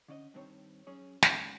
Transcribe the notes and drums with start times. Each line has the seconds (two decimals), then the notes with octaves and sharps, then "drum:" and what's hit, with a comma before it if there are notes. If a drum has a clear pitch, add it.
0.08 D3 C#4 D5 D#5
0.34 G2 D#3 C4 A#4 C#5
0.87 F#3 C#4 G#4 C#5
1.22 G#2 B2 F3 A#3 C#4, drum: snare